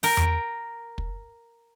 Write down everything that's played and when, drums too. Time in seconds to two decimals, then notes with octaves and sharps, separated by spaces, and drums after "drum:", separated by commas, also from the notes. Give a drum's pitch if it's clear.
0.03 A#4 G5, drum: open hi-hat
0.17 drum: tom E2
0.98 drum: kick